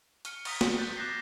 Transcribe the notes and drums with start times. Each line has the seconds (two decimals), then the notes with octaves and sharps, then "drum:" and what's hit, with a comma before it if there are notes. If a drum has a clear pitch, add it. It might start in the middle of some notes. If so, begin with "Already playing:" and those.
0.25 C#6 F6 C#7 G7, drum: hi-hat
0.45 C#6 D#6 B6, drum: cymbal
0.61 drum: snare
0.78 F#6 G6 A6 G7
0.97 D6 F#6 G6 A#6 C7